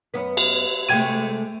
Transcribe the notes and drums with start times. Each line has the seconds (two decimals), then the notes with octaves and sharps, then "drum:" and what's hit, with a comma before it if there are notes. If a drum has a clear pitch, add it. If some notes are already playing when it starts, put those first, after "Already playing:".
0.14 F#2 B3 B4
0.37 drum: cymbal
0.89 C3 G#3 A3 G5 G#6 D#7